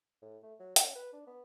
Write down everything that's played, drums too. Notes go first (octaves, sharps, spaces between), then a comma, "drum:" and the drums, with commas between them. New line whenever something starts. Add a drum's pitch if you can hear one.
A2
A3
F#3
C#4, drum: hi-hat
B4
D4
B3